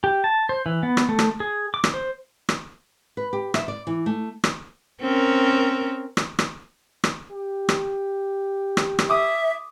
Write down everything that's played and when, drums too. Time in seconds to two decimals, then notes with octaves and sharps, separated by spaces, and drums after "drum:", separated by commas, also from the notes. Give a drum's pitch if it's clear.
0.04 G4
0.24 A5
0.49 C5
0.66 E3
0.83 B3
0.97 drum: rim click
1.09 A3
1.19 drum: rim click
1.40 G#4
1.74 D6
1.84 drum: rim click
1.94 C5
2.49 drum: rim click
3.17 B4
3.33 G4
3.54 E5, drum: rim click
3.68 D5
3.87 E3
4.06 A3
4.44 drum: rim click
5.00 C4 C#4 A#4
6.17 drum: rim click
6.39 drum: rim click
7.04 drum: rim click
7.31 G4
7.69 drum: rim click
8.77 drum: rim click
8.99 drum: rim click
9.10 E5 D6 D#6